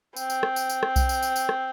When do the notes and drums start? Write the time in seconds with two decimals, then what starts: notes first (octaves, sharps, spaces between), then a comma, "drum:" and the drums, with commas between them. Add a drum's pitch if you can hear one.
0.16 C4, drum: tambourine
0.30 drum: tambourine
0.43 drum: rim click
0.56 drum: tambourine
0.69 drum: tambourine
0.83 drum: rim click
0.96 drum: kick B1, tambourine
1.09 drum: tambourine
1.22 drum: tambourine
1.36 drum: tambourine
1.49 drum: rim click